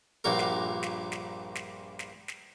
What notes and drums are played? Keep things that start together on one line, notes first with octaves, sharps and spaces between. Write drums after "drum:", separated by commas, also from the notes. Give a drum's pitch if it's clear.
A#1 G2 A#2 A#3 F#4 A#4
drum: snare
drum: snare
drum: snare
drum: snare
drum: snare
drum: snare